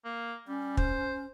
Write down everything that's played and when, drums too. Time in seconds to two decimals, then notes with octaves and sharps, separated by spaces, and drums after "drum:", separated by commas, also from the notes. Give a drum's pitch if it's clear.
0.05 A#3
0.48 G3 C#4
0.77 C5, drum: kick